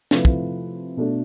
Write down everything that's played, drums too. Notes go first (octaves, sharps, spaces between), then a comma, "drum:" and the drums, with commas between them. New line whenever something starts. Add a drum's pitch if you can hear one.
C3 F3 A3 E4 B4, drum: snare
drum: kick
B2 A3 D4 A4